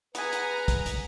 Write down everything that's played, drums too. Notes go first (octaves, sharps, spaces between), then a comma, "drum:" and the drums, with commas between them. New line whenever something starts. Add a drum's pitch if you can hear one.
B3 G#4 B4 F#5 G#5 A#5, drum: hi-hat
drum: hi-hat
drum: kick, hi-hat
drum: hi-hat